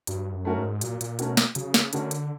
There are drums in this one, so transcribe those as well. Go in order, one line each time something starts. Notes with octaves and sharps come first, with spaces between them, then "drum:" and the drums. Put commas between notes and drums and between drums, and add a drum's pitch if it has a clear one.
G2 F#3, drum: hi-hat
F#2
A3 C#4 F#4 A#4
G#2
A#2 F#3, drum: hi-hat
A#2, drum: hi-hat
B2 A3 C#4 F#4 A#4, drum: hi-hat
drum: snare
C#3 F#3, drum: hi-hat
drum: snare
D3 A3 C#4 F#4 A#4, drum: hi-hat
drum: hi-hat